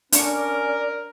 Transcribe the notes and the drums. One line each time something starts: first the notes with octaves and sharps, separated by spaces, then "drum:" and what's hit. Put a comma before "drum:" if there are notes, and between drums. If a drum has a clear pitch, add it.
C#4 D4 A#4 D5 C#6, drum: hi-hat